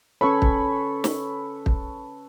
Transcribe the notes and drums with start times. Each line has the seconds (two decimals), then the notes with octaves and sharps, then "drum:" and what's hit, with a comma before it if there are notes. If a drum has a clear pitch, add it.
0.21 C#4 A4 B4 C#5 B5 C#6
0.42 drum: kick
1.04 drum: snare
1.66 drum: kick